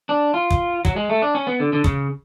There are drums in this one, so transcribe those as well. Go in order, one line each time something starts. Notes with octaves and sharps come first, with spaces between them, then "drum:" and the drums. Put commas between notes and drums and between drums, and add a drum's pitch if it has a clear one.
D4
F4
drum: kick
F#3, drum: kick
G#3
A3
D4
C#4
B3
D3
D3
C#3, drum: kick